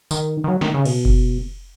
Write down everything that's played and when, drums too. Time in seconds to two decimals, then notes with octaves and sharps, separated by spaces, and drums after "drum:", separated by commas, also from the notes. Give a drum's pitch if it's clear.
0.11 D#3, drum: tambourine
0.44 D#3
0.48 F#3
0.61 D#3, drum: snare
0.74 C#3
0.85 B2, drum: cymbal
1.05 drum: kick F#1